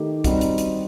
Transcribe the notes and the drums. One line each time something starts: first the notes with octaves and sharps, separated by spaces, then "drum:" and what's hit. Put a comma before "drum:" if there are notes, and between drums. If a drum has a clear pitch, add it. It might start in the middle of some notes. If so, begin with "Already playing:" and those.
Already playing: D#3 A3 D#4 G4
G3 C4 D#4 F#4, drum: kick, hi-hat
drum: hi-hat
drum: hi-hat